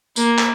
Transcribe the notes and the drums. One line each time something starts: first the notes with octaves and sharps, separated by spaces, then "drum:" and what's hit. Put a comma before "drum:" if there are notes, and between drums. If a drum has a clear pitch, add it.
A#3, drum: tambourine
drum: clap